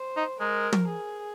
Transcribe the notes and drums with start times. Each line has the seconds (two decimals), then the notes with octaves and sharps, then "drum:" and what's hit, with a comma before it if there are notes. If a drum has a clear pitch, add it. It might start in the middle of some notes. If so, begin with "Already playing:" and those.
Already playing: C5
0.17 D#4
0.40 G#3 A#4
0.73 drum: tom
0.88 G#4